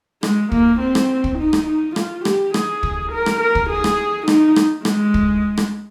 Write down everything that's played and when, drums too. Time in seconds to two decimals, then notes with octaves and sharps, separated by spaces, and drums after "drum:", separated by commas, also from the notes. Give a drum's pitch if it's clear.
0.23 G#3, drum: rim click
0.52 A#3, drum: kick
0.80 C4
0.95 drum: rim click
1.24 drum: kick
1.39 D#4
1.53 drum: rim click
1.67 D#4
1.96 F4, drum: rim click
2.25 G4, drum: rim click
2.54 G#4, drum: rim click
2.83 drum: kick
3.12 A#4
3.26 drum: rim click
3.41 A#4
3.55 drum: kick
3.70 G#4
3.84 drum: rim click
4.28 D#4, drum: rim click
4.56 drum: rim click
4.85 G#3, drum: rim click
5.14 drum: kick
5.57 drum: rim click